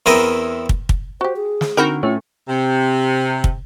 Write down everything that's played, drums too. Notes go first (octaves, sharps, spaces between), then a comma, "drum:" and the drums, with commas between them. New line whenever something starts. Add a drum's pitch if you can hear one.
E2 C4 E4 A#4 D#6
drum: kick
drum: kick
F#4 G4 C5
G#4
drum: snare
D3 C4 D#4 F#4 A#4 F#5 B5
A2 A3 C#4 F4
C3
drum: kick